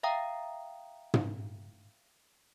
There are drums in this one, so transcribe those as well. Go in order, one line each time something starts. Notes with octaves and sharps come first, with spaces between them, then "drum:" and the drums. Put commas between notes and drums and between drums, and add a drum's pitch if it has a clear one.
E5 F5 G5 A#5 D#6
drum: tom